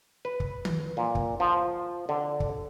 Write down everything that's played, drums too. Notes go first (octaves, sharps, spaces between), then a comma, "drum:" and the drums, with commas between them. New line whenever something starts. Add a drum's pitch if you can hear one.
B4
drum: kick
drum: tom D#3
A#2
drum: kick
F3
D3
drum: kick